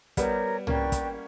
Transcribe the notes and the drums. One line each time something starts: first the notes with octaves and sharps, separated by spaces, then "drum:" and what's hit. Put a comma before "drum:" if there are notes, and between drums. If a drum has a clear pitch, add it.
G3 B3 G4 A#4 C#5, drum: kick, hi-hat
A#3 C#4 B4 D5 G5 C#6, drum: tom
drum: kick, hi-hat